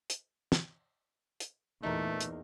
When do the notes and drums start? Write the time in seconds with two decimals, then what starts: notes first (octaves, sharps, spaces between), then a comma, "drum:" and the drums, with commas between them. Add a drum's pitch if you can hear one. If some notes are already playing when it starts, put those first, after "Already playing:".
0.10 drum: hi-hat
0.52 drum: snare
1.40 drum: hi-hat
1.83 E2 A#2 A3 D#4 A#4
2.21 drum: hi-hat